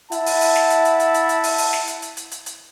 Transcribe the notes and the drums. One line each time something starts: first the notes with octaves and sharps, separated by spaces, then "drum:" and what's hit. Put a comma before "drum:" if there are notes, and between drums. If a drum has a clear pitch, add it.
E4 E5 F#5 A5, drum: hi-hat
drum: open hi-hat
drum: open hi-hat
drum: snare
drum: hi-hat
drum: hi-hat
drum: hi-hat
drum: hi-hat
drum: hi-hat
drum: open hi-hat
drum: open hi-hat
drum: snare
drum: hi-hat
drum: hi-hat
drum: hi-hat
drum: hi-hat
drum: hi-hat